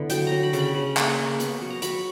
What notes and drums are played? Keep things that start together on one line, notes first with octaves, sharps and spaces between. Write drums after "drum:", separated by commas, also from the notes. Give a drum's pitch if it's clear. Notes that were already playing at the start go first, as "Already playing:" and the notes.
Already playing: D3 B3 E4
F#3 G5, drum: hi-hat
F#3 A#5
B5
C#3, drum: hi-hat
B5
C#3
A#3, drum: clap
C#6
A#3
B3, drum: hi-hat
F#3
A#5
F#3 B5, drum: hi-hat
C#6